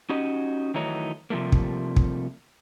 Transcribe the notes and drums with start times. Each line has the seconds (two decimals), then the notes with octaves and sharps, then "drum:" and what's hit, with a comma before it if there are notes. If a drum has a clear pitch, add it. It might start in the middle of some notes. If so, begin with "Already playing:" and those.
0.09 C#4 D#4 F#4 G4 D#5
0.74 D#3 E3 F#3 A3 D#4 C#5
1.30 C3 F3 G3 A3 A#3
1.52 drum: kick
1.96 drum: kick